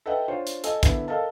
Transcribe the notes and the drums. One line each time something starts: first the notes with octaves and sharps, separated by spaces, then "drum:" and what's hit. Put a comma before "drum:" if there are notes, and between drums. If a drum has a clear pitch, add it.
A4 B4 D#5 E5 F#5 G5
D4 F4 C5 C#5
drum: hi-hat
A4 D#5 G#5, drum: hi-hat
D3 B3 E4, drum: kick, hi-hat
A4 A#4 D#5 F5 A5